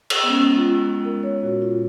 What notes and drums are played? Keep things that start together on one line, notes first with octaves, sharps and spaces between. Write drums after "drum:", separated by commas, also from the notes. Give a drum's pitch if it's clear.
drum: cymbal
B3
G#3 C#4
G#3 F4
G#3
A#4
G#3
C#5
A#2 F#4
F4
A#2